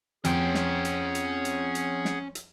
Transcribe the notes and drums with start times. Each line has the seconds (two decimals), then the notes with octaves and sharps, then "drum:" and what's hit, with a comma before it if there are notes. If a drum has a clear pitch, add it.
0.25 F2 C#4 G#4 F#5 G5 G#6, drum: hi-hat
0.55 drum: snare
0.85 drum: hi-hat
1.15 drum: hi-hat
1.45 drum: hi-hat
1.75 drum: hi-hat
2.05 drum: snare
2.35 drum: hi-hat